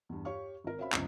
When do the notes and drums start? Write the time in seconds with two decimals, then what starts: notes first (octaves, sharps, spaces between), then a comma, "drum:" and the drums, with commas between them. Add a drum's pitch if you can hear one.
0.09 E2 G2
0.25 G4 C#5 F5 C#6
0.64 G#1 A#4
0.78 C#4 F#4 C5 E5 F5 B5
0.92 G1 C#2 F#2, drum: clap